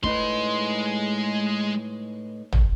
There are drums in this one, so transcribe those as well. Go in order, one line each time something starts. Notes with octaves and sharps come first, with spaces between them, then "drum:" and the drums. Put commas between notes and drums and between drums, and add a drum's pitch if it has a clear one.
A2 G#3 D#4 B4 C6, drum: kick
drum: tom